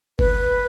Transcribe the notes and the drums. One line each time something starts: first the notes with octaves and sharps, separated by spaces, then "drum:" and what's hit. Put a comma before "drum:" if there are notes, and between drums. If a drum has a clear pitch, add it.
B4, drum: kick G1